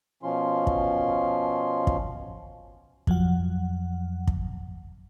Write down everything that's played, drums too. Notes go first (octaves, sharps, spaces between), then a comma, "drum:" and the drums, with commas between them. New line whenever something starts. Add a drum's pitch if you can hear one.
B2 F3 C#4 F4 C6
drum: kick
drum: kick
F2 F3 F#3 F#5, drum: kick
drum: kick